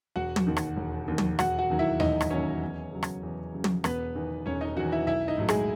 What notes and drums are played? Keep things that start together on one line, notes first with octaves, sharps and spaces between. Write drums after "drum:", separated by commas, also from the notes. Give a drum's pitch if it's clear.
E1 F#4 F#5
drum: tom
D#2 D#3
drum: rim click
E1
D#2 D#3
drum: tom
E1 F#4 F#5, drum: rim click
F#4 F#5
D#2 D#3 F#3
E4 E5
E1 D#4 D#5, drum: tom D#2
drum: rim click
D#2 D#3 F#3 C#4 C#5
E2
C#3 F#3
drum: rim click
E2
C#3 F#3
drum: tom
E1 B3 B4, drum: rim click
E2 D#3
E1 C#4 C#5
D#4 D#5
E2 D#3 F#4 F#5
E4 E5
B1 E4 E5
D#4 D#5
A2 F#3
G#3 G#4, drum: rim click